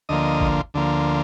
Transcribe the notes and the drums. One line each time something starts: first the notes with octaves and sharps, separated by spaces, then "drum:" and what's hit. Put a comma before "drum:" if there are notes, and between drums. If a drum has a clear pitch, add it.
D2 D3 F3 A#3 D#5
drum: kick
D2 D3 F3 A#3